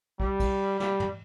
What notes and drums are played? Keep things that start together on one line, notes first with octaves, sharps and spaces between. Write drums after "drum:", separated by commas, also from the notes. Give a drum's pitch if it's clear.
G3, drum: kick
drum: kick, cymbal
G3, drum: snare
drum: tom